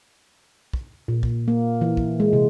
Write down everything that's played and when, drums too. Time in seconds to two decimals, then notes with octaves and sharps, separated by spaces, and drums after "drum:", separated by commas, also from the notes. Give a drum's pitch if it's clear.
0.73 drum: kick
1.08 A#2
1.23 drum: kick
1.48 A#3
1.81 E3
1.97 drum: kick
2.20 G#3
2.33 C3